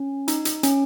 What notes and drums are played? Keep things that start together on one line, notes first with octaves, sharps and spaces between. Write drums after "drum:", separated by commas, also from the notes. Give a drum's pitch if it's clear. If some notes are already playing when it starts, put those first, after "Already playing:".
Already playing: C#4
D#4, drum: hi-hat
drum: hi-hat
C#4, drum: hi-hat